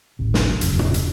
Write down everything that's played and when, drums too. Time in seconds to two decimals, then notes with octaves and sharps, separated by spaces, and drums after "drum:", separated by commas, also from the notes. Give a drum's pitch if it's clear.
0.19 D1 G#1 C3
0.34 drum: snare
0.61 E1 F#2 C#3, drum: hi-hat
0.79 drum: tom
0.94 drum: hi-hat